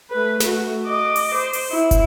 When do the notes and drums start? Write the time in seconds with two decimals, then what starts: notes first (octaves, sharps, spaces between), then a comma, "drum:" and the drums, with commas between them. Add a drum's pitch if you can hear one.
0.11 A3 B4
0.40 A3 F#4, drum: snare
0.86 D#5 D6
1.16 drum: open hi-hat
1.34 C5
1.53 drum: open hi-hat
1.71 E4
1.91 drum: kick, hi-hat